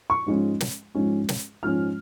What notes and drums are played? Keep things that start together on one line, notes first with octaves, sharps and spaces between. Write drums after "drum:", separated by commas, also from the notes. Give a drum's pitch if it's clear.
C#6
G#2 F3 G#3 C#4
drum: snare
G#2 F3 G#3 C#4
drum: snare
G#2 F3 G#3 C#4 F6